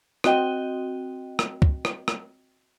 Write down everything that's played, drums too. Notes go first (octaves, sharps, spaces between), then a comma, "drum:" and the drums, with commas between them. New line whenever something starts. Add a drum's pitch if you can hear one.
C4 F#4 D#5 G5, drum: rim click
drum: rim click
drum: kick
drum: rim click
drum: rim click